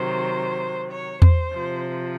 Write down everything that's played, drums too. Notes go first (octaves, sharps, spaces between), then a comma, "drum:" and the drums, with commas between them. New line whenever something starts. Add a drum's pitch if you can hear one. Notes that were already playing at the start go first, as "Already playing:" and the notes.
Already playing: C3 D#3 F#3 C5
C#5
C5, drum: tom E2
C3 F3